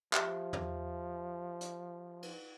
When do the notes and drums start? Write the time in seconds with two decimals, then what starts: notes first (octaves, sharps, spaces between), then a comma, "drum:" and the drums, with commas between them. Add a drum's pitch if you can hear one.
0.13 F3 G4 E5, drum: clap
0.53 drum: tom
1.61 drum: hi-hat
2.22 drum: cymbal